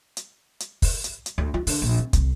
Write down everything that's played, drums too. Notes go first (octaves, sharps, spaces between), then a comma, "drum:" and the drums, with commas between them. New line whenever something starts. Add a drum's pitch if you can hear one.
drum: hi-hat
drum: hi-hat
drum: kick, open hi-hat
drum: hi-hat
drum: hi-hat
D2
F4
D3, drum: open hi-hat
A#1
C4
C2, drum: kick, hi-hat